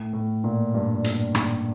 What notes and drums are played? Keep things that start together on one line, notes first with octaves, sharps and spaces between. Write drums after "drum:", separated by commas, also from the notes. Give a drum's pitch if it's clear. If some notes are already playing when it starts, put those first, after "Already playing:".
Already playing: A2
A2
A#2
G2
drum: hi-hat
drum: rim click